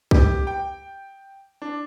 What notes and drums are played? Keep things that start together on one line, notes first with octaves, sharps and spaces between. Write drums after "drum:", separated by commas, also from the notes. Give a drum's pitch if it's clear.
G4, drum: kick C2
G5
D4